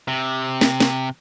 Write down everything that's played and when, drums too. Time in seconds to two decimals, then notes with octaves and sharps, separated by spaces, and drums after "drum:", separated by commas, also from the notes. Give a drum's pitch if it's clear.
0.08 C3
0.61 drum: snare
0.80 drum: snare